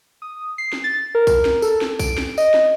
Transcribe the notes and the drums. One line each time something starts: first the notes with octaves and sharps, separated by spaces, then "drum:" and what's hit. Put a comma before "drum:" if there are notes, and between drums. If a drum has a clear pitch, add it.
D#6
C7
drum: snare
A6
A#4
drum: kick B1, tambourine
drum: snare
A4, drum: tambourine
drum: snare
D7, drum: kick B1, tambourine
drum: snare
D#5, drum: tambourine
drum: snare